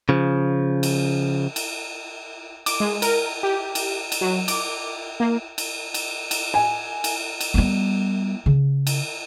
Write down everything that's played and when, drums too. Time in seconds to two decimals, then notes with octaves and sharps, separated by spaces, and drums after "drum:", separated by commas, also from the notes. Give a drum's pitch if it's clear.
0.09 C#3 F3
0.83 drum: cymbal
1.56 drum: cymbal
2.66 D6, drum: cymbal
2.80 G#3
3.02 A#4, drum: cymbal
3.43 G4
3.75 drum: cymbal
4.12 drum: cymbal
4.21 F#3
4.48 D6, drum: cymbal
5.20 A#3
5.58 drum: cymbal
5.94 drum: cymbal
6.31 drum: cymbal
6.54 G#5
7.04 drum: cymbal
7.41 drum: cymbal
7.54 G3 B3
8.46 C#3
8.87 drum: cymbal